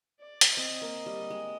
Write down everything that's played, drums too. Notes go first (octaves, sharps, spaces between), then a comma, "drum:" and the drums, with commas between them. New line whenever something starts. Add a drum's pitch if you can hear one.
D5
drum: hi-hat
C4 D#5
A#3
G3
G#3